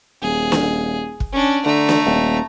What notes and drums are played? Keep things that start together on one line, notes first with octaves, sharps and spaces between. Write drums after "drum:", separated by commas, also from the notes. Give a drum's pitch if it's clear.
D#1 G#4
drum: snare
drum: kick
C#4 D4
D3 A3 A#5
drum: snare
D#1